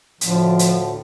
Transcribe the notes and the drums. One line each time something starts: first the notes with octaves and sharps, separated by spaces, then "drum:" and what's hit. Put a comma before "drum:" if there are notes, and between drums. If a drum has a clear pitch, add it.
D2 A2 D3 F3, drum: hi-hat
drum: hi-hat